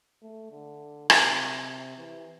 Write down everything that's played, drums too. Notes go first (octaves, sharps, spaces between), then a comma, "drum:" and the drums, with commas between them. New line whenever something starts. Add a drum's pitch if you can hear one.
A3
D3
C3, drum: rim click
E3